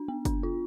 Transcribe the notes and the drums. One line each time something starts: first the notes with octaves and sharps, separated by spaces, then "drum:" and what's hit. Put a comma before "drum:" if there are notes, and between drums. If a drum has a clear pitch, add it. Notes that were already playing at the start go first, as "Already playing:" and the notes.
Already playing: D4
B3
D4, drum: kick, hi-hat
F4